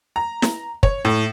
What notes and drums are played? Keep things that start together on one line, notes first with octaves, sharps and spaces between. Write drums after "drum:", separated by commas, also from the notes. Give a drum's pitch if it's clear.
A#5
drum: snare
C#5, drum: kick
A2